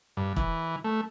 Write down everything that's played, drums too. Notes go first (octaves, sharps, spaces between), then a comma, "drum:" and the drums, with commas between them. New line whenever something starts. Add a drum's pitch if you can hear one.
G2
E3, drum: kick
A3